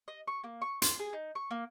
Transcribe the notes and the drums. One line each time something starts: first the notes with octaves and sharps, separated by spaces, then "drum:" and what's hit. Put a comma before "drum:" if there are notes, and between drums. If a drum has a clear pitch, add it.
D#5
C#6
A#3
C#6
C6, drum: hi-hat
G#4
D#4
C#6
A#3